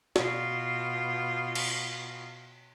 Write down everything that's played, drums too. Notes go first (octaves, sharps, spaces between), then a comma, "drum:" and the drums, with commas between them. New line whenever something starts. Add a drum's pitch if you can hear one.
B2 F4, drum: snare
drum: cymbal